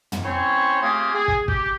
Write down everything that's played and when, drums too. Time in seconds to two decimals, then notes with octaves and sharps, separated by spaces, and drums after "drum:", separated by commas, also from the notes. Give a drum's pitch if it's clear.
0.12 drum: tom
0.24 C4 C#4 E4 C5 C#5
0.82 A3 A#3 C4 F4 G4 G#4
1.15 G#4
1.28 drum: kick
1.48 G4, drum: kick